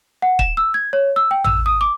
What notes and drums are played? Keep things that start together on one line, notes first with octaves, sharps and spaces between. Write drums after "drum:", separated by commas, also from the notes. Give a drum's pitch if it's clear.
F#5
E7, drum: kick
E6
G#6
C#5
E6
G5
E6, drum: tom A1
D#6
D6